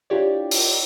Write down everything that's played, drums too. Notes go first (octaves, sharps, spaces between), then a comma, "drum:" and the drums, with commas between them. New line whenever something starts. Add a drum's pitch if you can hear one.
D4 E4 F4 G4 C#5 D5
drum: open hi-hat